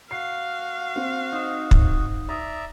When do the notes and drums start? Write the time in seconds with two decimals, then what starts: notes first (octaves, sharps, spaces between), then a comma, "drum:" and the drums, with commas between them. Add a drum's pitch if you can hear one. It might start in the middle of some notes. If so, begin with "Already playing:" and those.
0.11 F#4 F5 C7
0.96 C4
1.33 D#4 C5
1.71 drum: kick
2.29 D5 E5 A#5 D#6